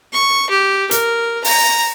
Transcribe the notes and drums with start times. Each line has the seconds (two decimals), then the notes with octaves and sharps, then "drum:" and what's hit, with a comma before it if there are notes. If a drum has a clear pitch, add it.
0.13 C#6
0.50 G4
0.91 A#4, drum: hi-hat
1.44 A#5, drum: open hi-hat